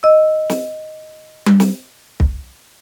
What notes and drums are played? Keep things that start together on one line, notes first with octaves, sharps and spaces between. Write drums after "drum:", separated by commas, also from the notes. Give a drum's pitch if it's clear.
D#5 E6
drum: snare
drum: tom G3
drum: snare
drum: kick